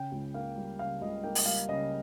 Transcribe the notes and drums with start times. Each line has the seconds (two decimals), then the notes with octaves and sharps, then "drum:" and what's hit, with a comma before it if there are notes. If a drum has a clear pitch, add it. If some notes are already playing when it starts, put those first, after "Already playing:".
Already playing: C#3 G5
0.12 C#2
0.34 A#3 F5
0.57 G3
0.79 C#3 F5
1.01 C#2 D#5
1.24 A#3 G5
1.35 drum: open hi-hat
1.46 G3 F5
1.68 C#3 D#5